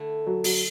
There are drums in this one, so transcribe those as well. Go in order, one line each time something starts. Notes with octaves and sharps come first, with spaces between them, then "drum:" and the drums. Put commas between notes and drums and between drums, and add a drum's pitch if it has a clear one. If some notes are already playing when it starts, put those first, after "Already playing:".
Already playing: D3 A3 E4
F#3
F#3, drum: open hi-hat